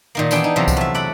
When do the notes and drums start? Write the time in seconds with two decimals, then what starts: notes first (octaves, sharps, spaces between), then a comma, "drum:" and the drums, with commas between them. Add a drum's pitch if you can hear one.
0.15 A#2 D#3 A#3
0.31 E3 B3 D4 G#4 G5, drum: tambourine
0.44 D#4
0.56 E2 C3 F3 F#3
0.68 drum: kick C2, tambourine
0.77 A3 E5
0.94 D5 F#5 B5